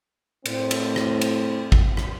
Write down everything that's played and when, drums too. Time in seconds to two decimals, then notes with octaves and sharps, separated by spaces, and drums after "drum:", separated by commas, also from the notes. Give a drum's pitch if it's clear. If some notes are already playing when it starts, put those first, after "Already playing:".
0.46 A2 C4, drum: cymbal
0.71 drum: cymbal
0.96 drum: rim click
1.21 drum: cymbal
1.72 drum: kick G#1
1.97 drum: rim click